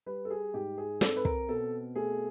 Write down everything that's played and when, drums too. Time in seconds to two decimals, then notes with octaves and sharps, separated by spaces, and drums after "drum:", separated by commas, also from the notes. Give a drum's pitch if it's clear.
0.06 G3 B4
0.25 A4
0.30 G#4
0.54 G#2 G4
0.78 G#4
1.01 C4 A4, drum: snare
1.16 B4
1.25 A#4, drum: kick
1.49 B2 A4
1.95 A3 G#4